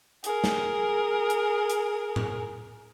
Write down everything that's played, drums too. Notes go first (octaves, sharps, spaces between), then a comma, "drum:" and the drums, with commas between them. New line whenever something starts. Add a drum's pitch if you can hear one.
G#4 A#4, drum: hi-hat
drum: snare
drum: hi-hat
drum: hi-hat
drum: tom A2